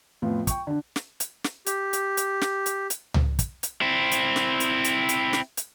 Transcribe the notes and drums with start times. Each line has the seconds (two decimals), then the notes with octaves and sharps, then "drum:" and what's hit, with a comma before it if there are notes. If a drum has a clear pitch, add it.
0.22 F2 A2 F3 B3 F4
0.47 G5 C#6, drum: kick, hi-hat
0.67 D3 D4
0.96 drum: snare
1.20 drum: hi-hat
1.44 drum: snare
1.66 G4, drum: hi-hat
1.93 drum: hi-hat
2.17 drum: hi-hat
2.41 drum: snare
2.66 drum: hi-hat
2.90 drum: hi-hat
3.14 drum: tom C#2
3.39 drum: kick, hi-hat
3.63 drum: hi-hat
3.82 C4 E4
4.11 drum: hi-hat
4.36 drum: snare
4.60 drum: hi-hat
4.84 drum: hi-hat
5.09 drum: hi-hat
5.33 drum: snare
5.57 drum: hi-hat